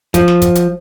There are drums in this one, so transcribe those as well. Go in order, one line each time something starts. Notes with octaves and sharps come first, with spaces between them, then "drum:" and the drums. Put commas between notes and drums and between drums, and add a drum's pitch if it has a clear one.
F3, drum: kick, hi-hat
drum: snare
drum: kick, hi-hat
drum: hi-hat